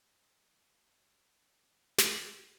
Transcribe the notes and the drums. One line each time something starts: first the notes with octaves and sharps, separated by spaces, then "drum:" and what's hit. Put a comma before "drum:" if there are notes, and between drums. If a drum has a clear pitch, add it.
C4 D#5
F3
C#3
C#3
G#3
D#3
C4
drum: snare